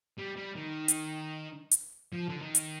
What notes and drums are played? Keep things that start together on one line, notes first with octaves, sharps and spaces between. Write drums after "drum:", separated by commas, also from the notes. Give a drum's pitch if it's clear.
G3
G3
D#3
drum: hi-hat
drum: hi-hat
F3
D3
D#3
drum: hi-hat